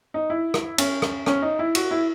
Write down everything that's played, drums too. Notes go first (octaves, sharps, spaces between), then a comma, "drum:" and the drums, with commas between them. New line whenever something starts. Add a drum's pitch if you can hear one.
D#4
E4
drum: rim click
C#4, drum: cymbal
drum: rim click
C#4, drum: rim click
D#4
E4
F#4, drum: cymbal
E4